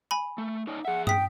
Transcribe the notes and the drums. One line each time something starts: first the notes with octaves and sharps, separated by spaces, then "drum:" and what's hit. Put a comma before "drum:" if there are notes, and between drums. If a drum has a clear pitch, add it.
G#5 B5
A3
D#4 C#5 D5
G#4 E5 F#5
G5 D#6 B6, drum: tom